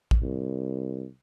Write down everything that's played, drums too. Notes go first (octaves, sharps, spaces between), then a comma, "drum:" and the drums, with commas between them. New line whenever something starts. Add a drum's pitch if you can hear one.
drum: kick
C2